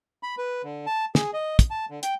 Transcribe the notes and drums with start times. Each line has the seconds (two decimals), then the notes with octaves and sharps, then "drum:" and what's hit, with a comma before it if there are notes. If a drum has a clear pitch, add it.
0.23 B5
0.38 B4
0.64 D3
0.86 A5
1.15 G#4, drum: snare
1.34 D#5
1.59 drum: kick, hi-hat
1.70 A5
1.90 D3
2.03 G5, drum: hi-hat